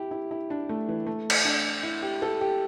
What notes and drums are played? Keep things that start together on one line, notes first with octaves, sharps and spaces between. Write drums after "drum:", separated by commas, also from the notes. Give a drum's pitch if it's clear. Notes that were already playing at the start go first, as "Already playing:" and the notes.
Already playing: E4 G4
E4
E4
D4
A3
E3
A3
drum: cymbal
D4
E4
G4
A4
G4